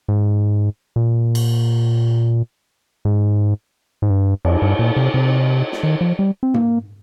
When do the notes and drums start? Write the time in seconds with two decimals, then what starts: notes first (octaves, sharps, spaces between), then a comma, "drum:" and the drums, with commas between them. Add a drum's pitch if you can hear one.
0.08 G#2
0.96 A#2
1.35 drum: cymbal
3.05 G#2
4.02 G#2
4.10 G2
4.45 F2, drum: cymbal
4.62 G2
4.79 A#2
4.96 C3
5.14 C3
5.72 drum: snare
5.83 D#3
6.01 F3
6.19 G3
6.43 C4
6.54 A#3, drum: tom G#2